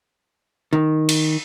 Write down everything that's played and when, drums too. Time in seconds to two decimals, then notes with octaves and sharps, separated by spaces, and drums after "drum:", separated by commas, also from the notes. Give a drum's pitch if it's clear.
0.73 D#3
1.09 drum: cymbal